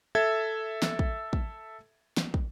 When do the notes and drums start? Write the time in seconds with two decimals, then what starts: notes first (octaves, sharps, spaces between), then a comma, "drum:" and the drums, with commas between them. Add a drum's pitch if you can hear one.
0.15 A4 E5 G#6
0.82 drum: snare
0.99 drum: kick
1.33 drum: kick
2.17 drum: snare
2.34 drum: kick